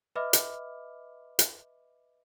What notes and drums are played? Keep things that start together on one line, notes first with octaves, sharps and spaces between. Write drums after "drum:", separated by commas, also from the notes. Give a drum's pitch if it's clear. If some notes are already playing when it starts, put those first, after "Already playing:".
B4 D#5 E5 B5 D6 F6
drum: hi-hat
drum: hi-hat